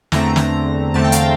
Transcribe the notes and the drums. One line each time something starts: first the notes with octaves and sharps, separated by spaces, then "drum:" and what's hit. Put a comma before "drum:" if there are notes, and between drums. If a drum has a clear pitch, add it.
E2 D3 A3 C4 A#5, drum: snare
drum: snare
E2 D3 A3 C4 A5
G5
F5, drum: hi-hat
G5